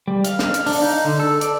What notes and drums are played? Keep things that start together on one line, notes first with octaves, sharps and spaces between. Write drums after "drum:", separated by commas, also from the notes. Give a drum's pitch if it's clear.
G3
F5, drum: hi-hat
drum: snare
drum: hi-hat
D4, drum: open hi-hat
D#4
D3
A4
D5, drum: hi-hat